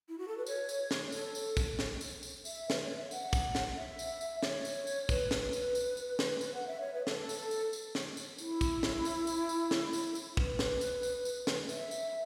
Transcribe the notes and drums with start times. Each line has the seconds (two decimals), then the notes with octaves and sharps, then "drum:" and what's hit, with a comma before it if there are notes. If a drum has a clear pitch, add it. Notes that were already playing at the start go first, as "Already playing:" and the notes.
0.09 E4
0.18 F#4
0.28 A4
0.37 B4
0.47 C#5, drum: tambourine
0.69 drum: tambourine
0.91 drum: snare
1.12 A4, drum: tambourine
1.35 drum: tambourine
1.57 drum: kick, tambourine
1.79 drum: snare
2.01 drum: tambourine
2.23 drum: tambourine
2.45 E5, drum: tambourine
2.70 B4, drum: snare
2.84 C#5
2.97 E5
3.11 F#5, drum: tambourine
3.33 drum: kick, tambourine
3.55 drum: snare
3.77 E5
3.99 drum: tambourine
4.21 drum: tambourine
4.43 C#5, drum: snare
4.65 drum: tambourine
4.87 drum: tambourine
5.09 B4, drum: kick, tambourine
5.31 drum: snare
5.53 drum: tambourine
5.75 drum: tambourine
5.97 drum: tambourine
6.19 drum: snare
6.41 drum: tambourine
6.54 F#5
6.67 E5
6.80 C#5
6.94 B4
7.07 A4, drum: snare
7.29 drum: tambourine
7.51 drum: tambourine
7.73 drum: tambourine
7.95 drum: snare
8.17 drum: tambourine
8.38 E4, drum: tambourine
8.61 drum: kick, tambourine
8.83 drum: snare
9.05 drum: tambourine
9.27 drum: tambourine
9.49 drum: tambourine
9.71 drum: snare
9.93 drum: tambourine
10.15 drum: tambourine
10.37 B4, drum: kick
10.59 drum: snare
10.81 drum: tambourine
11.03 drum: tambourine
11.25 drum: tambourine
11.47 drum: snare
11.69 E5, drum: tambourine
11.91 drum: tambourine